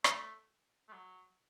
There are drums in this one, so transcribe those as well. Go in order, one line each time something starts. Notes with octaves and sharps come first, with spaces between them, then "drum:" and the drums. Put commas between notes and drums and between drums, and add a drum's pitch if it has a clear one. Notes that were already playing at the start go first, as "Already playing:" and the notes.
A3, drum: rim click
A3
F#3